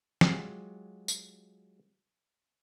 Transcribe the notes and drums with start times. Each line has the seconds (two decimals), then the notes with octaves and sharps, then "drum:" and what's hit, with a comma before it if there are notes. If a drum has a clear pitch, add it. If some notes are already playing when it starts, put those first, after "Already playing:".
0.21 F#3 G#3 F4 G4, drum: snare
1.08 drum: tambourine